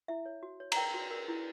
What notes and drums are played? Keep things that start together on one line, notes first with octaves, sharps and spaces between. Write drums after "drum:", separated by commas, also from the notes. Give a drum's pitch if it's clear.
E4 E5
C#5
F#4
C#5
A#5, drum: cymbal
A#4 G5
F#4
A#4
E4